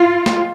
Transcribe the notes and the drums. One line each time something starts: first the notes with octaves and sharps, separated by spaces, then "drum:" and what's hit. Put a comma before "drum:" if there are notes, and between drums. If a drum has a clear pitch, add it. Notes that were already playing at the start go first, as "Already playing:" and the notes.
Already playing: F4
drum: snare